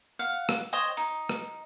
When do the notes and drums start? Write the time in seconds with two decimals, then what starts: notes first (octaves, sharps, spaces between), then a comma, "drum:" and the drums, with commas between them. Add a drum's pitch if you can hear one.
0.19 F5 F#5
0.49 drum: rim click
0.73 C5 C#5 D#5 G5
0.97 D#4
1.29 drum: rim click